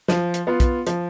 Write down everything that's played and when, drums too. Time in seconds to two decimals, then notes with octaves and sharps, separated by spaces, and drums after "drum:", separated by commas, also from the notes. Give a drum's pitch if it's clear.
0.08 F3, drum: snare
0.34 drum: hi-hat
0.47 B3 F4
0.60 drum: kick, hi-hat
0.87 F3, drum: hi-hat